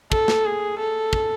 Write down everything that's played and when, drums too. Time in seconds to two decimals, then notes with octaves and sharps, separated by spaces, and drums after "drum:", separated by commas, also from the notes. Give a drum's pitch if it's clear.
0.12 A4, drum: kick
0.28 drum: snare
0.46 G#4
0.78 A4
1.13 drum: kick